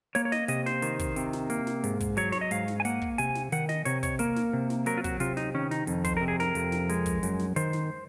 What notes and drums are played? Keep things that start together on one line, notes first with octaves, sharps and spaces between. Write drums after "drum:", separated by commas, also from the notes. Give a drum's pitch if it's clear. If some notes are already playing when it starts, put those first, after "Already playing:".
A#3 C#5, drum: hi-hat
C#5
D#5, drum: snare
C3 D#5, drum: hi-hat
C5, drum: snare
D#3, drum: hi-hat
drum: kick, hi-hat
C3, drum: hi-hat
drum: snare
A#3, drum: hi-hat
drum: snare
G#2, drum: hi-hat
drum: kick, hi-hat
F#3 C#5, drum: hi-hat
C#5, drum: snare
D#5
G#2 F5, drum: hi-hat
drum: snare
G#5
A#3 F#5, drum: hi-hat
drum: kick
C3 G#5, drum: hi-hat
drum: snare
D#3 F#5, drum: hi-hat
D#5, drum: snare
C3 C#5, drum: hi-hat
C#5, drum: kick, hi-hat
A#3 A#4, drum: hi-hat
drum: snare
C3
drum: snare
F#3 A#4, drum: hi-hat
F4
F#4, drum: kick, hi-hat
C3 F4, drum: hi-hat
D#4, drum: snare
D#3 C#4
D#4, drum: snare
F2, drum: hi-hat
C5, drum: kick, hi-hat
C3 A#4
G#4
A#4, drum: snare
F2, drum: hi-hat
drum: snare
G#3, drum: hi-hat
drum: kick, hi-hat
F#2, drum: hi-hat
drum: snare
D#3 C5, drum: hi-hat
drum: snare